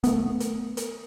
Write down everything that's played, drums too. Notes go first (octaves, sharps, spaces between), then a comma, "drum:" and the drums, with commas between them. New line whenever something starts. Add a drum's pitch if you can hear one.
A3 B3, drum: hi-hat
drum: hi-hat
drum: hi-hat